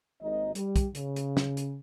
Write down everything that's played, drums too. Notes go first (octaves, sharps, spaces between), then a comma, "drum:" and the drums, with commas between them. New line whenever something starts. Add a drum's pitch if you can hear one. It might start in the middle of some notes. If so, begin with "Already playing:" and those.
G#1 D#2 D#4 D#5
G3, drum: hi-hat
drum: kick, hi-hat
C#3, drum: hi-hat
drum: hi-hat
drum: snare
drum: hi-hat